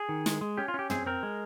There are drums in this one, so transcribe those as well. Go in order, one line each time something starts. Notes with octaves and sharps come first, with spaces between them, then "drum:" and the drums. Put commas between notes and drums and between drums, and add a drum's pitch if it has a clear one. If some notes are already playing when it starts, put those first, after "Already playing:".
Already playing: G#4
D#3
G#3, drum: snare
G#3
C#4 G4
F4
C#4 G4
C4 G#4, drum: tom
C4 A#4
G#3